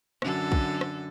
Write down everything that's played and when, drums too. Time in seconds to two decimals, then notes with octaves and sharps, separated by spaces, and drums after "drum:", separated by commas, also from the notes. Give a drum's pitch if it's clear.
0.22 F#2 D3 A4, drum: rim click
0.52 drum: kick
0.81 drum: rim click